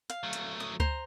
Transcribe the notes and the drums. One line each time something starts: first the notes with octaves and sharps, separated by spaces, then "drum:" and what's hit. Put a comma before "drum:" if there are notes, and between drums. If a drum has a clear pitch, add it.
F5, drum: hi-hat
F#3 A3
drum: hi-hat
D#6
C5 A#5, drum: kick D2